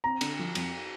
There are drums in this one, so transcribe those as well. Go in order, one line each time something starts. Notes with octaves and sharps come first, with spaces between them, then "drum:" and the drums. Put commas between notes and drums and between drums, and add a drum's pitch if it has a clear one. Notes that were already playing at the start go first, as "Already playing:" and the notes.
C4 A#5
D3, drum: cymbal
F3
F2, drum: cymbal